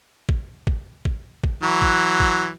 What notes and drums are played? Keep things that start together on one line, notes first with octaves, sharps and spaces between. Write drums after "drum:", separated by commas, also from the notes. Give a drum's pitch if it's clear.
drum: kick
drum: kick
drum: kick
drum: kick
E3 F#3
drum: kick
drum: kick